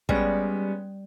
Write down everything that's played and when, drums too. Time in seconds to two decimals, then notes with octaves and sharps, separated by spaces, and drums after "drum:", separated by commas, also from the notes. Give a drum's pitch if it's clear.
0.09 G3 G#3 B3 C#4, drum: kick